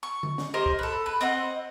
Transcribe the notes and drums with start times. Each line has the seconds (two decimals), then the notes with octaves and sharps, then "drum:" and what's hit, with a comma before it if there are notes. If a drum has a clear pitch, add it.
0.03 C#6
0.23 drum: tom D3
0.38 drum: snare
0.54 G4 A#4 C5 D#5
0.66 drum: kick
0.79 A4 B4
1.06 B4
1.21 C4 D#5 F#5